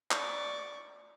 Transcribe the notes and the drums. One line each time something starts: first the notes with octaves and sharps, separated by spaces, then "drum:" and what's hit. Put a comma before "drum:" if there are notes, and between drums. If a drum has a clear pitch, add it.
D5 C#6, drum: clap